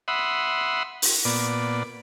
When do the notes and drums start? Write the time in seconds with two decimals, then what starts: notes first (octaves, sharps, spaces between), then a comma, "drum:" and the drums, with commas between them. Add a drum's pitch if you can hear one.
0.08 E5 F#5 B5 C6 D#6
1.02 drum: open hi-hat
1.25 A#2 B3 D5